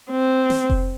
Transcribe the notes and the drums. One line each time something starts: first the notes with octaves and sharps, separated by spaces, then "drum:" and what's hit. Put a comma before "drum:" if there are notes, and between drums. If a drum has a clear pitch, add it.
C4
drum: snare
drum: kick F1